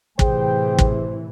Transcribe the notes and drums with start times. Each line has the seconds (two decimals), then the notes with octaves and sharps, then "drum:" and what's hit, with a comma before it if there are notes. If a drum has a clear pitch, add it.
0.19 A2 C3 E3 G#4 C5 G5, drum: kick
0.79 drum: kick